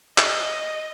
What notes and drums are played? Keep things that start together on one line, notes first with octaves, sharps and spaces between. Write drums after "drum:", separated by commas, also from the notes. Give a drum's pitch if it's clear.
D#5, drum: clap